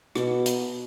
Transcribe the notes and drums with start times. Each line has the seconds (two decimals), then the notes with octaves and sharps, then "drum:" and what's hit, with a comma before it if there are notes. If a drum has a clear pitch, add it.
0.15 B2, drum: rim click
0.46 drum: hi-hat